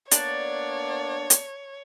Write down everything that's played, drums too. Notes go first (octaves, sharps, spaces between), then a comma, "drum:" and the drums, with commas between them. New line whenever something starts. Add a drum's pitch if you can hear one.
A#3 B3 D4 C#5 D5, drum: hi-hat
drum: hi-hat